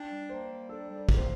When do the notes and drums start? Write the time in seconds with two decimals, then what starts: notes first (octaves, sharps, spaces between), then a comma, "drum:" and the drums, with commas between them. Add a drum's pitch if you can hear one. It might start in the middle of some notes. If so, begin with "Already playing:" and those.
Already playing: D4 G5
0.09 G3
0.29 A#3 C5
0.49 G3
0.69 D4 A4
0.89 G3
0.96 A4
1.09 A#3, drum: kick
1.16 C5